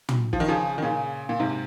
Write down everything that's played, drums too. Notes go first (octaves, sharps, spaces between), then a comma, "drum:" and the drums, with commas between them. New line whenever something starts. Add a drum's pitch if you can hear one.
drum: tom
F3, drum: kick
D#3
C#3 F3
D#3
A#2 C#3
A#2
G#2 C3